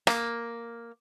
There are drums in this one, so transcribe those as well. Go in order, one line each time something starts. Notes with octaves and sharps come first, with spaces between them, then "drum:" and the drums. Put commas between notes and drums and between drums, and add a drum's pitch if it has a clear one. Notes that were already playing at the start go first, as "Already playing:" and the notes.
A#3, drum: rim click